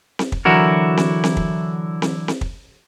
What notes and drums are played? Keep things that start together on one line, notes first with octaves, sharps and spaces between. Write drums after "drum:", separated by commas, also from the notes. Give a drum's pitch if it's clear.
drum: snare C4
drum: kick
D3 E3 F#3 E4 F#4 A#4
drum: snare C4
drum: snare C4
drum: kick
drum: snare C4
drum: snare C4
drum: kick